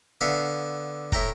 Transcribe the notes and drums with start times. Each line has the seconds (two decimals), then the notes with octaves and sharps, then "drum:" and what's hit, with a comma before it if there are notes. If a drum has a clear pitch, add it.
0.21 D3 B3 E5 F5
1.12 A2 E4 G5 A#5, drum: kick